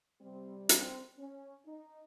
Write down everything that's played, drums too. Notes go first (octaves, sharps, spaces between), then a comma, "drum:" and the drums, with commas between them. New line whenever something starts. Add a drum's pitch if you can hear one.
C3 G3 C4
C4, drum: hi-hat
C#4
D#4